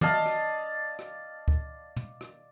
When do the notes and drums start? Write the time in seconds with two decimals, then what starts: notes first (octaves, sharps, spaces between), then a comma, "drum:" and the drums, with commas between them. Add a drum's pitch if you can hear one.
0.01 D5 D#5 F5 A5, drum: tom
0.26 drum: rim click
0.99 drum: rim click
1.48 drum: kick C#2
1.96 drum: tom
2.21 drum: rim click